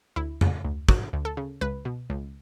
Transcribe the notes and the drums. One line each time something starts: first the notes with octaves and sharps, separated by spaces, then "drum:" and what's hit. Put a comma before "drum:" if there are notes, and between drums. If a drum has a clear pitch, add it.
D2 E4
C#3, drum: tom F2
D2
F#3 F#4, drum: kick
D2
A4
C#3
C#2 B4
B2
C#2